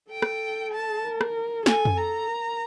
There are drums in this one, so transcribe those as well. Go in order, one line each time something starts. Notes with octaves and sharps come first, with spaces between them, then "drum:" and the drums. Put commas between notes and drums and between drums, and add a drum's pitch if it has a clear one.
A4 G5
drum: rim click
A5
A#4
drum: rim click
A4 G#5, drum: snare
drum: tom F2
A4 A#5
A#4